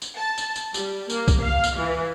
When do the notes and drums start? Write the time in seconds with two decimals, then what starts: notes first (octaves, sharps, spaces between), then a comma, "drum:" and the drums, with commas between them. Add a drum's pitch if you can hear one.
0.02 drum: tambourine
0.17 A5
0.38 drum: tambourine
0.56 drum: tambourine
0.74 G3, drum: tambourine
1.10 A#3, drum: tambourine
1.28 drum: kick, tambourine
1.41 F5
1.64 drum: tambourine
1.78 E3